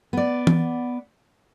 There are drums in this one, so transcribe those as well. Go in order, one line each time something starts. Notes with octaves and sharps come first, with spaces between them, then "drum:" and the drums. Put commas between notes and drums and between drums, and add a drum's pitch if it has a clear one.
B3 D5
drum: tom E3